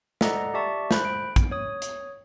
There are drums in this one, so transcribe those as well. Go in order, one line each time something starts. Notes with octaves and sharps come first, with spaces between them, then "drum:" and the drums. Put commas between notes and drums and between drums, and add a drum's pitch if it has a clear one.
A4 D5 D#5 F#5 A#5, drum: snare
G4 D5 E5 A5 C#6
C5 B5 F#6, drum: snare
D7
drum: kick, hi-hat
C#5 D#6
drum: hi-hat